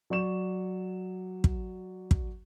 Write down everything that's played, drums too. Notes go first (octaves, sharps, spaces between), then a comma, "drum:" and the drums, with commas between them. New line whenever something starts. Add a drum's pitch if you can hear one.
F#3 D5 C#6 E7
drum: kick
drum: kick